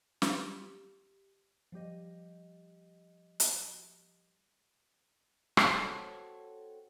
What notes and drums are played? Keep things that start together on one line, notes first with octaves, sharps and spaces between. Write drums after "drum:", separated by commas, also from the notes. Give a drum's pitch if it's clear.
G4, drum: snare
F3 G3 G4 D#5
drum: hi-hat
drum: rim click
C4 F#4 A4 C#5